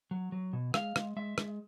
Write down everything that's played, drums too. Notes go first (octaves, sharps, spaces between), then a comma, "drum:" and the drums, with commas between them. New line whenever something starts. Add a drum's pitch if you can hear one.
F#3
F#3
B2
G#3 F5, drum: rim click
G#3, drum: rim click
G#3 E5
G#3, drum: rim click